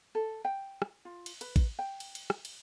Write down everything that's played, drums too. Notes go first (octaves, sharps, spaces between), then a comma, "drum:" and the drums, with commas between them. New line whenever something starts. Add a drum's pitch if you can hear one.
A4
G5
drum: rim click
F4
drum: cymbal
B4, drum: cymbal
drum: kick, cymbal
G5
drum: cymbal
drum: cymbal
drum: rim click
drum: cymbal